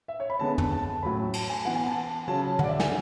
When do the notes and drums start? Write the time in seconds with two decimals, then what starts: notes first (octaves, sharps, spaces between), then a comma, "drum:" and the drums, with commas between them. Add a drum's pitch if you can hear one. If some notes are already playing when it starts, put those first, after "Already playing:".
0.08 E5
0.20 C#5
0.30 B5
0.39 D3 G#3 B3 A5
0.58 drum: tom
0.71 A5
1.03 A2 F#3 C#4 B5
1.33 A5, drum: cymbal
1.49 G#5
1.65 E3 B3 F#5
1.75 G#5
1.86 A5
2.27 C#3 F#3 C#4 A5
2.59 F#5, drum: tom
2.64 D5
2.69 E5
2.80 G#5, drum: snare